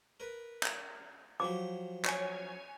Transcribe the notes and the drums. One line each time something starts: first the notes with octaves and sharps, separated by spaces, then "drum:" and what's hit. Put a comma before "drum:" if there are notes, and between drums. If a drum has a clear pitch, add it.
A#4 B4
drum: clap
F3 F#3 G4 D6
C#5 G#5, drum: clap